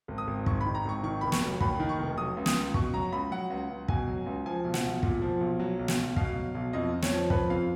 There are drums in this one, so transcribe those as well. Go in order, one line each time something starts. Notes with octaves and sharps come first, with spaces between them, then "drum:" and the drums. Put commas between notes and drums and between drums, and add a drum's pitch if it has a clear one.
G#1
D#6
G#1
G#2 C#6, drum: kick
D#3 B5
A#5
G#1 C#6
D#3 C#6
F1 B5
C#6, drum: snare
F#3
D#2 B5, drum: kick
D#3
C#6
F1
F#3 D#6
C#2
D#6, drum: snare
C#2
B2 C#6, drum: kick
F#3 A#5
C#2 B5
F#3 F#5
C#2
C#2
B2 G#5, drum: kick
F#3
C#2
F3 G#5
B1
F#5, drum: snare
B1
A#2, drum: kick
F3
B1
F#3
B1
drum: snare
B1
B2 F5, drum: kick
F#3
B1
F2 D#5
F2
C#5, drum: snare
F3
F3 B4, drum: kick
F2 F5